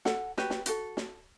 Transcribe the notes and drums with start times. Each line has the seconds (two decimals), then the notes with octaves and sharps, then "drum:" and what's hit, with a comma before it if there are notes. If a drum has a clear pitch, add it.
0.05 A4 F#5, drum: snare
0.37 F#4 G4 B4, drum: snare
0.50 drum: snare
0.66 F#4 A4, drum: hi-hat
0.97 drum: snare